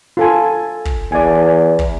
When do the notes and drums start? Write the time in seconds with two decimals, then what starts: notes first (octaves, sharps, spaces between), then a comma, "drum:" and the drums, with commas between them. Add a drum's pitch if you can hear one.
0.17 F4 A4 G#5
0.85 drum: kick
1.12 E2 D5 G#5
1.79 drum: kick